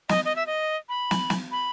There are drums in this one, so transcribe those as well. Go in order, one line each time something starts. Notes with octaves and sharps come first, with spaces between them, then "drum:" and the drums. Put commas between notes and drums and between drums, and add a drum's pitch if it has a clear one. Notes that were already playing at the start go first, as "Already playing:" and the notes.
D#5, drum: snare
D#5
E5
D#5
B5
drum: snare
drum: snare
B5